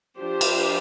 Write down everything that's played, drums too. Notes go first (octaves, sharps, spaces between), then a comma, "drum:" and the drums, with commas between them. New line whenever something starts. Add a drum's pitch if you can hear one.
F3 D4 G4 C5
drum: cymbal